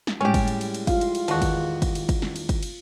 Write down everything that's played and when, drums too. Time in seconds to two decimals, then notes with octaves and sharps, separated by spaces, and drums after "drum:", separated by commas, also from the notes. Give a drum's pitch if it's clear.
0.07 drum: snare
0.21 A2 G3 G#3 C#4 G4
0.34 drum: kick, cymbal
0.48 drum: cymbal
0.61 drum: cymbal
0.74 drum: cymbal
0.87 F4 F5, drum: kick, cymbal
1.01 drum: cymbal
1.15 drum: cymbal
1.28 E2 D#3 F3 F#4, drum: cymbal
1.42 drum: kick, cymbal
1.82 drum: kick, cymbal
1.95 drum: cymbal
2.09 drum: kick, cymbal
2.22 drum: snare
2.36 drum: cymbal
2.49 drum: kick, cymbal
2.63 drum: cymbal